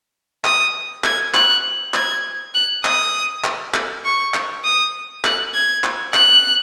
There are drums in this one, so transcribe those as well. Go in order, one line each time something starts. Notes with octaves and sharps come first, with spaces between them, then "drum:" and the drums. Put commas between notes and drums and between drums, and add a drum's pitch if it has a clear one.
D#6, drum: clap
G#6, drum: clap
F#6, drum: clap
G#6, drum: clap
F#6
D#6, drum: clap
drum: clap
drum: clap
C#6
drum: clap
D#6
F#6, drum: clap
G#6
drum: clap
F#6, drum: clap